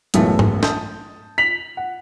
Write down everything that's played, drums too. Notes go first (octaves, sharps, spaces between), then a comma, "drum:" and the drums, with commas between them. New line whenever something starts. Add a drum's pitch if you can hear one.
B1 F#2 A2 E3 G#3 A3, drum: hi-hat
drum: tom G#2
A5 D#6 G6, drum: snare
B6 F7 F#7
F#5